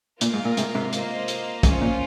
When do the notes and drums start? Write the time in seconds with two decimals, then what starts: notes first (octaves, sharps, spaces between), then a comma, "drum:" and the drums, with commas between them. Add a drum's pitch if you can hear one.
0.21 A#2 A#3 F4 A#4, drum: hi-hat
0.34 G#2
0.45 A#2
0.57 G#2 C3, drum: hi-hat
0.75 G#2 C3
0.93 A#3 F4 C5 D#5, drum: hi-hat
1.28 drum: hi-hat
1.63 G#2 C#4 F4 C5, drum: kick, hi-hat
1.81 A#2